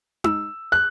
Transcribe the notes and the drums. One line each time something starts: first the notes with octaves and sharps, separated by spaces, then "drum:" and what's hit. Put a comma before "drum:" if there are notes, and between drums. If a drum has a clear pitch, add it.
E6, drum: tom D#4
F#6